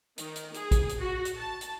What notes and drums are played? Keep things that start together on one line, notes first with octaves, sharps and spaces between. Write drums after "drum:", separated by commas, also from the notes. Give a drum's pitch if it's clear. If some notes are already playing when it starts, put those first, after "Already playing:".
D#3, drum: hi-hat
drum: hi-hat
G#4, drum: hi-hat
drum: kick, hi-hat
drum: hi-hat
F#4
drum: hi-hat
A5
drum: hi-hat